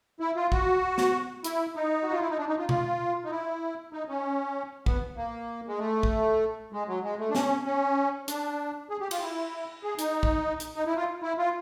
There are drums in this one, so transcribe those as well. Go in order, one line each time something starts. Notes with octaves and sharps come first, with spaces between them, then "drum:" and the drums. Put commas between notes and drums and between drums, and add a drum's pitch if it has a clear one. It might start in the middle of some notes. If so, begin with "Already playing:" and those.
E4
F4
F#4, drum: kick
drum: snare
E4, drum: hi-hat
D#4
F#4
F4
E4
D#4
D4
D#4
F4
F4, drum: tom B2
D#4
E4
D#4
C#4
B3, drum: kick
A#3
G#3
A3
drum: kick
G#3
F#3
G#3
A3
D4
C#4, drum: snare
C#4
D4, drum: hi-hat
G#4
G4
F4, drum: cymbal
E4
G#4
D#4, drum: hi-hat
drum: kick
drum: hi-hat
D#4
E4
F4
E4
F4